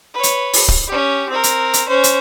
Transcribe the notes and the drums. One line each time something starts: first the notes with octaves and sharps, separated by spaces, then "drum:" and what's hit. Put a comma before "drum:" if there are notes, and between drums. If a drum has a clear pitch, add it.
B4 C#5
drum: hi-hat
drum: open hi-hat
drum: kick
C#4 G4
C4 A#4
drum: hi-hat
drum: hi-hat
C#4 C5
drum: hi-hat